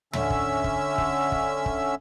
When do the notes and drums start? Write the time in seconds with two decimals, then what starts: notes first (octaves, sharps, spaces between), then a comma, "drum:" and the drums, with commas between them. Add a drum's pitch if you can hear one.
0.13 D3 C#4 E5 E6, drum: tom
0.30 drum: kick
0.64 drum: kick
0.98 drum: kick
1.32 drum: kick
1.66 drum: kick